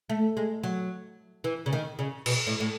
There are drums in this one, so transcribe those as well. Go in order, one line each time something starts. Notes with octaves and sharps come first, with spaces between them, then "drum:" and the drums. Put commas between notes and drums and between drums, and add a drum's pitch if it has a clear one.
A3
G#3
F#3
E3
C#3
D#3
C#3
B2, drum: cymbal
A2
A2